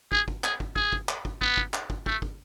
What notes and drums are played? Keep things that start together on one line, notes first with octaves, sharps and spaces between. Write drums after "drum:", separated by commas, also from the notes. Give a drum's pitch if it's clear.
G#4, drum: kick
drum: kick
G#4, drum: clap
drum: kick
G#4, drum: kick
drum: kick
drum: clap
drum: kick
B3, drum: kick
drum: kick
drum: clap
drum: kick
A3, drum: kick
drum: kick